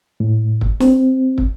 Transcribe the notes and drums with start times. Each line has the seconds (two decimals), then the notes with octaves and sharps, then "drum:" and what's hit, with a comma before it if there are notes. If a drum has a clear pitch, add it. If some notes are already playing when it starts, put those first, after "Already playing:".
0.20 A2
0.61 drum: kick
0.80 C4, drum: snare
1.38 drum: kick